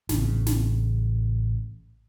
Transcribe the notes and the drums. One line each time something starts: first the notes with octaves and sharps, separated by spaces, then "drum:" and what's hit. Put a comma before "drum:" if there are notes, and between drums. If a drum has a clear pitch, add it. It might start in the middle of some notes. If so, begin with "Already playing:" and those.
A1 C#3, drum: snare
drum: snare